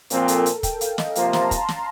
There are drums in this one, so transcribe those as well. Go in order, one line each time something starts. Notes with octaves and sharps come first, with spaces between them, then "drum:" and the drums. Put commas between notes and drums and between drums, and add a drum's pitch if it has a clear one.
A#2 F3 C4 A#4, drum: hi-hat
A4, drum: hi-hat
A#4, drum: hi-hat
G5, drum: kick, hi-hat
F5, drum: hi-hat
D#5, drum: snare
C3 F3 A#3 F4 C5 F5, drum: hi-hat
A#5
A5, drum: snare
C6, drum: kick, hi-hat
drum: snare